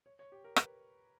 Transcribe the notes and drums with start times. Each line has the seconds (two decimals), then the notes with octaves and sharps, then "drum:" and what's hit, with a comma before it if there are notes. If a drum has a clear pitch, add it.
0.06 C#5
0.19 C#5
0.32 G4
0.44 A#4
0.56 B4, drum: rim click